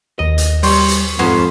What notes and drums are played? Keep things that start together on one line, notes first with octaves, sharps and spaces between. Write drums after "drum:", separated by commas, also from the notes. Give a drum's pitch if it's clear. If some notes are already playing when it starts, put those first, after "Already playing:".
D#2 D#5 A#6
drum: hi-hat
G3 C#5 C6 C#6, drum: open hi-hat
drum: hi-hat
F2 G#2 B3 C#4 C5 F#5